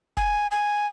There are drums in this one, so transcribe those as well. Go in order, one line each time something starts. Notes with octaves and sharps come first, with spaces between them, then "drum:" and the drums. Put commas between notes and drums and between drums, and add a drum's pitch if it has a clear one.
G#5, drum: kick
G#5